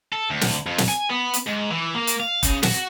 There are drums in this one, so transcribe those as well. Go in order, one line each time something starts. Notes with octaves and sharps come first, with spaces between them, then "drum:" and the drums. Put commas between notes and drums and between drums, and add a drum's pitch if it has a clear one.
A4
D2
drum: snare
F2
drum: snare
G#5
B3
drum: hi-hat
G#2
E3
A#3
drum: hi-hat
F5
C#3, drum: kick E1, hi-hat
F#4, drum: snare